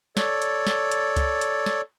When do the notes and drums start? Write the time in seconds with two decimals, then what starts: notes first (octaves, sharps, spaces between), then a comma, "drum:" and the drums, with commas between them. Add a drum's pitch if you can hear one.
0.17 A4 C#5 D5, drum: snare
0.42 drum: hi-hat
0.67 drum: snare
0.92 drum: hi-hat
1.16 drum: kick C#2, hi-hat
1.41 drum: hi-hat
1.66 drum: snare